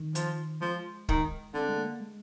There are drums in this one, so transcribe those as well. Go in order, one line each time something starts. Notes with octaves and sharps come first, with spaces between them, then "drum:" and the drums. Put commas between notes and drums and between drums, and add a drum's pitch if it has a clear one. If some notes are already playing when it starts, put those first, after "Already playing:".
Already playing: D#3
F3, drum: hi-hat
F3 G#3
D#3, drum: kick
D3 C4
G#3
A#3
G#3